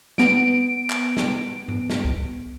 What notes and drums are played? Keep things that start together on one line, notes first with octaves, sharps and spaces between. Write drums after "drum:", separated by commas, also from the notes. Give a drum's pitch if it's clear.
B3 D7, drum: snare
drum: clap
drum: snare
drum: tom G2
drum: snare
drum: kick C2